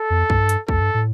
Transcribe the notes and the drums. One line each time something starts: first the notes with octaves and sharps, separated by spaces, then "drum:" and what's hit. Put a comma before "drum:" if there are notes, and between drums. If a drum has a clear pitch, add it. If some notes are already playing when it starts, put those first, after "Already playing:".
Already playing: A4
F2
G2, drum: kick A#1
drum: hi-hat
A4, drum: kick A#1
F2
G2
A2